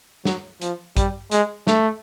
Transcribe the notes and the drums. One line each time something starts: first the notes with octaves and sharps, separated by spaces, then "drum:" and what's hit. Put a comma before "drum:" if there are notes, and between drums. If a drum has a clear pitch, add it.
F#3, drum: snare
F3, drum: hi-hat
G3, drum: kick, hi-hat
G#3, drum: hi-hat
A3, drum: snare